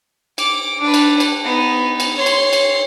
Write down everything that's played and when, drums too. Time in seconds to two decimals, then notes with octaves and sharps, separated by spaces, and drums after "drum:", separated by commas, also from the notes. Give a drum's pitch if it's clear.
0.38 D6, drum: cymbal
0.81 D4 B4
0.94 drum: cymbal
1.20 drum: cymbal
1.43 B3 D#4
2.00 drum: cymbal
2.16 C#5 C6
2.26 drum: cymbal
2.53 drum: cymbal